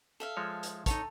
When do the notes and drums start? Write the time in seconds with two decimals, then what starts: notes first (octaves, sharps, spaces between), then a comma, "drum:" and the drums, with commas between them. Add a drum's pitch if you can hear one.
0.20 A4 E5 F5
0.37 F3 G#3 C#5
0.63 drum: hi-hat
0.86 D#4 F4 A4 C#5, drum: kick, hi-hat